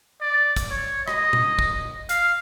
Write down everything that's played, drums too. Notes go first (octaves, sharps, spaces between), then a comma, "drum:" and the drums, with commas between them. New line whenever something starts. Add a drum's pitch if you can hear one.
D5
drum: kick, hi-hat
C#5
D#5, drum: rim click
drum: tom
drum: kick
F5, drum: hi-hat